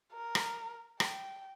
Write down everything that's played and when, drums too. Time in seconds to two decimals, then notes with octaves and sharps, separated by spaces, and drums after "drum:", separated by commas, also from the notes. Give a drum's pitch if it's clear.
0.13 A#4
0.35 drum: rim click
1.00 G5, drum: rim click